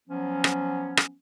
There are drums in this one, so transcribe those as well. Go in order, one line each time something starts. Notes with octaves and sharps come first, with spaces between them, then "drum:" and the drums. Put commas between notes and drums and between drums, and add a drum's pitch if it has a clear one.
F3 F#3 B3 C#4
drum: rim click
drum: rim click